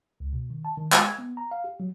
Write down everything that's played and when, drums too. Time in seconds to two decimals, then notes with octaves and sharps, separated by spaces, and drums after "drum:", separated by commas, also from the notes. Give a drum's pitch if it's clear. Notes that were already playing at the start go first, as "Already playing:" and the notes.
0.20 C#2
0.33 B2
0.50 D#3
0.65 A5
0.77 D#3
0.92 G#3, drum: clap
1.05 G#6
1.19 B3
1.37 A#5
1.51 F5
1.64 G4
1.80 F#3